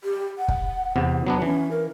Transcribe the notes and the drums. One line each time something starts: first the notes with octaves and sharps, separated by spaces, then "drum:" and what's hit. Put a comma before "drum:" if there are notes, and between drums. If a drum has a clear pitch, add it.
G4
F#5
drum: kick
E2 C3
F#3 B3 D4
E3 C#4
A#4